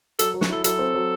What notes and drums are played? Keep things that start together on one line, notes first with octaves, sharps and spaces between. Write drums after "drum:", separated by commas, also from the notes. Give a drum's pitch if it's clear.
F#3 A4, drum: hi-hat
F#3
F#4, drum: snare
E4 A4
F#3 A4, drum: hi-hat
C4
F#3